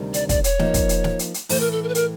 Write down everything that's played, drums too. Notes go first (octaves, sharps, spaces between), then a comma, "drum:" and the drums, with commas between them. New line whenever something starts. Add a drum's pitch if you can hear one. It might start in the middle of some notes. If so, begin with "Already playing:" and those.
Already playing: D2 C3 D#3 G3
D5, drum: hi-hat
D5, drum: kick, hi-hat
C#5, drum: hi-hat
F3 A#3 D#4, drum: snare
drum: kick, hi-hat
drum: hi-hat
drum: snare
drum: hi-hat
drum: hi-hat
A2 E3 A3 C5, drum: open hi-hat
A#4
A4
A#4
B4
A#4, drum: hi-hat